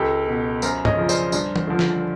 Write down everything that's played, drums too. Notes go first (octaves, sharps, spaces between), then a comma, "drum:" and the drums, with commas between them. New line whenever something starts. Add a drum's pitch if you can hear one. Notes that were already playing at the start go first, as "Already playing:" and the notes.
Already playing: C#2 G4 A4
B2
F#2 A#4 C5, drum: tambourine
C#5 D#5, drum: tom G2
C#3 F3
C5 D5, drum: tambourine
G2, drum: tambourine
drum: tom E3
D3 F3
drum: snare